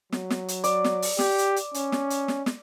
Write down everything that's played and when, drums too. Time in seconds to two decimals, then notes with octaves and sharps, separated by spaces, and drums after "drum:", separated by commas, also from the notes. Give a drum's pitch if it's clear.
0.12 F#3, drum: snare
0.30 drum: snare
0.48 drum: hi-hat
0.64 D5, drum: hi-hat
0.84 drum: snare
1.02 drum: open hi-hat
1.19 G4, drum: snare
1.38 drum: hi-hat
1.56 drum: hi-hat
1.74 C#4, drum: hi-hat
1.92 drum: snare
2.10 drum: hi-hat
2.28 drum: snare
2.46 drum: snare